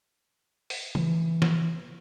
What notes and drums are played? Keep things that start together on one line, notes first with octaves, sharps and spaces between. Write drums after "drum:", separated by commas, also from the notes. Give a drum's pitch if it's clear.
drum: open hi-hat
E3, drum: tom
drum: snare